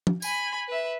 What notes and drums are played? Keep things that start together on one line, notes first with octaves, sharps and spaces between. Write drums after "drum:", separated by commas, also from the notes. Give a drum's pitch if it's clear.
drum: tom
G#5 B5, drum: tambourine
B4 E5